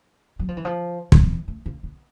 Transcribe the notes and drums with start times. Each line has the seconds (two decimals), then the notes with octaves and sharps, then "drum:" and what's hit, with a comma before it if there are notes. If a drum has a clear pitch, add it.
0.39 F#3
0.49 F3
0.57 E3
0.65 F3
1.12 E3, drum: kick
1.48 A3
1.66 A#3
1.83 B3